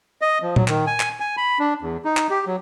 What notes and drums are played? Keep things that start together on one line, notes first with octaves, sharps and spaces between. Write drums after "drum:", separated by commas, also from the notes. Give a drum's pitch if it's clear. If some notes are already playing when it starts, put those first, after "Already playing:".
D#5
F3
F#3, drum: tom A#2
D#3, drum: clap
G#5
drum: clap
G#5
B5
D4
E2
D#4
drum: clap
G4
F#3